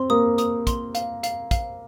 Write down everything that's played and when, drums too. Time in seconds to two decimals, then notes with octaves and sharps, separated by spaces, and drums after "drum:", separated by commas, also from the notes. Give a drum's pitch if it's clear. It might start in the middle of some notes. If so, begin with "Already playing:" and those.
Already playing: C4 C6
0.10 A#3 D#6
0.38 D#6, drum: hi-hat
0.67 C6, drum: kick, hi-hat
0.95 F5, drum: hi-hat
1.23 F5, drum: hi-hat
1.51 F5, drum: kick, hi-hat